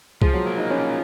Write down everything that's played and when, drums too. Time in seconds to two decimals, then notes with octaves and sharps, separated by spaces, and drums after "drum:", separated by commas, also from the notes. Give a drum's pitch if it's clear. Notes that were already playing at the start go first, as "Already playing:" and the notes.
0.22 F3 G#3, drum: kick C2
0.34 F#3
0.46 A#3
0.58 D#4
0.70 F3 C#4